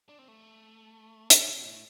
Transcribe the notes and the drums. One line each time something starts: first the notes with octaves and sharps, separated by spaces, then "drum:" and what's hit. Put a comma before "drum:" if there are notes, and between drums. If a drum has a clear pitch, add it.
D4
C4
A3
C4, drum: hi-hat
C3
A2